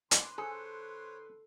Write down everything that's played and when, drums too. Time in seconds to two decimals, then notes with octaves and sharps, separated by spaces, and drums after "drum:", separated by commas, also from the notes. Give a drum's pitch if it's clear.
0.11 D3 B4 G#5 C6 D6, drum: hi-hat
0.38 G#4 A4 C5 C#5